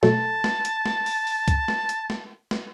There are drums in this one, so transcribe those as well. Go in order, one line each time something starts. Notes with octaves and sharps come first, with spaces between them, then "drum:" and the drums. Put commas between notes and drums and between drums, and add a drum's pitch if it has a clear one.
B2 F#3 A3 A5, drum: snare
drum: snare
drum: hi-hat
drum: snare
drum: open hi-hat
drum: open hi-hat
drum: kick C2, hi-hat
drum: snare
drum: hi-hat
drum: snare
drum: snare